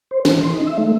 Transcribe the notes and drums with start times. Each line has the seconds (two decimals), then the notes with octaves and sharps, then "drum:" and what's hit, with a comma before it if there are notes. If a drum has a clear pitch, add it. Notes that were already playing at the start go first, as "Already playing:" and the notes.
0.11 C5
0.25 E3, drum: snare
0.41 C6
0.54 D#4
0.66 E5
0.78 A3